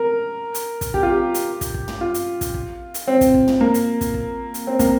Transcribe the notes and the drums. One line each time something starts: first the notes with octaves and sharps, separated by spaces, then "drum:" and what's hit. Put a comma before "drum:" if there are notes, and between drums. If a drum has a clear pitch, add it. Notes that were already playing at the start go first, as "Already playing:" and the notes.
Already playing: A#4
drum: hi-hat
drum: kick, hi-hat
G4, drum: kick
F4
G4
drum: hi-hat
drum: kick, hi-hat
drum: kick
drum: tom
F4
drum: hi-hat
drum: kick, hi-hat
drum: kick
drum: hi-hat
C4
drum: kick, hi-hat
drum: kick
drum: tom
A#3
drum: hi-hat
drum: kick, hi-hat
drum: kick
drum: hi-hat
C4
A#3, drum: kick, hi-hat